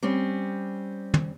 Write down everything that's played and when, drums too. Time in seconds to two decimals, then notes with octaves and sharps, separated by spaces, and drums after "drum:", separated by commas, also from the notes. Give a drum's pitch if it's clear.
0.03 G3 C4 C#4
1.14 drum: tom